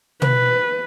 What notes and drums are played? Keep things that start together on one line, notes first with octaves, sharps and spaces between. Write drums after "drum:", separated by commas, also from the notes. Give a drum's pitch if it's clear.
B4, drum: tom